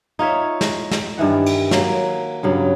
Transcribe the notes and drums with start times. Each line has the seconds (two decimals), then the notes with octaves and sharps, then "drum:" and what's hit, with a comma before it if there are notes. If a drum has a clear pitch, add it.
0.19 D#4 F4 C#5 E5
0.61 drum: snare
0.91 drum: snare
1.18 G2 D#3 E3 F#5
1.46 drum: cymbal
1.71 F#3 A#3, drum: snare
2.43 G2 C#3 F#3